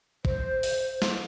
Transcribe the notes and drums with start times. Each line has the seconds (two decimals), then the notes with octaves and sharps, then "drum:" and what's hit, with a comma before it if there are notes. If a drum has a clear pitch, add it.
0.25 C5, drum: kick
0.63 drum: open hi-hat
1.02 drum: snare